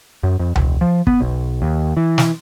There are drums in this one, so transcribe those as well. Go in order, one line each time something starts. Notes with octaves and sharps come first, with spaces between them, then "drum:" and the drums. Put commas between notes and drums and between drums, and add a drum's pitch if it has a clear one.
F#2
F2
E1, drum: tom C#2
F3
B3, drum: kick
B1
D#2
E3
drum: snare